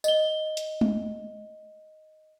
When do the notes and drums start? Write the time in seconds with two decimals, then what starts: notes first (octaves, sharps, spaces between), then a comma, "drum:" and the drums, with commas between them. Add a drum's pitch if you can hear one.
0.04 D#5 G7, drum: tambourine
0.57 drum: hi-hat
0.81 drum: tom G#3